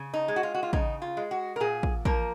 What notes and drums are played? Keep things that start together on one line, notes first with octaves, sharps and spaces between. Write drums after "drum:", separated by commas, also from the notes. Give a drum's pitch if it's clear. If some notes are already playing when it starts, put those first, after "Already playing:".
Already playing: C#3
D#4
G#3
F#4
F4
F#4
F4
C#3 D#4, drum: kick
F4
G#3
F#4
A#4
A#2 G#4
drum: kick
F3 A#3 A#4, drum: kick